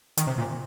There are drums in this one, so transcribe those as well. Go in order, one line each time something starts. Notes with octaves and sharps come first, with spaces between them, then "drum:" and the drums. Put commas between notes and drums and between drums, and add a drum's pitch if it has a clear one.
D#3, drum: hi-hat
C3
A#2